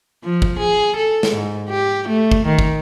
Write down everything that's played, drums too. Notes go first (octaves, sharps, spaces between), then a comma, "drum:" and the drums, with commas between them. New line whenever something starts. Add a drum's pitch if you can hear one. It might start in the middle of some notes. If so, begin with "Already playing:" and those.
F3
drum: kick
G#4
A4
drum: snare
G#2
G4
A3
drum: kick
D#3
drum: kick